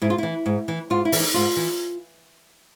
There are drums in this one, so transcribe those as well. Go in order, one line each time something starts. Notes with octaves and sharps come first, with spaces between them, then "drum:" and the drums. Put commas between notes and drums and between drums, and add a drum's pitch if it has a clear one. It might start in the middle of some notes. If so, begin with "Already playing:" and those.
G#2 E4
F4
E3 E4
G#2
E3
G#2 F4
E4
E3, drum: open hi-hat
D#4
G#2 F4
E3